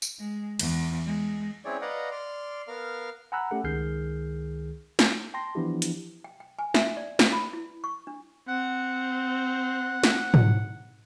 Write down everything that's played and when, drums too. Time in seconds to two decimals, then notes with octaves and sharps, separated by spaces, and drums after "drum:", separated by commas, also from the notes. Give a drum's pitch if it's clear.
0.02 drum: tambourine
0.20 G#3
0.59 E2, drum: cymbal
1.06 G#3
1.64 C4 C#4 E4 G#4 C#5 D5
1.81 B4 D5 D#5 F5 F#5 A#5
2.11 D5 C6 F6
2.68 B3 A#4 F5 F6
3.32 F#5 G#5 A#5 B5 E6 F#6
3.51 A3 C#4 G4 A4 F#5
3.64 C#2 D#3 G#4 F6 G6 C7
4.99 G6, drum: snare
5.34 G5 A5 C6 A#6
5.55 E3 F3 B3 D4 E4 G4
5.82 drum: hi-hat
6.24 G5
6.40 G5
6.59 G#5
6.74 E5, drum: snare
6.97 D5
7.19 B4, drum: snare
7.32 B5
7.53 E4
7.84 C#6
8.07 D4
8.48 C4 F#5
10.04 drum: snare
10.34 drum: tom